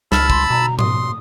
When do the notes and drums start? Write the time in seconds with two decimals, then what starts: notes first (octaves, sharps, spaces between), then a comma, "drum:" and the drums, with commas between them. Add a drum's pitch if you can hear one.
0.12 C#2 A5 B5 E6 F6, drum: snare
0.30 C6, drum: kick
0.50 B2 A#5
0.79 C6 D#6, drum: tom G#2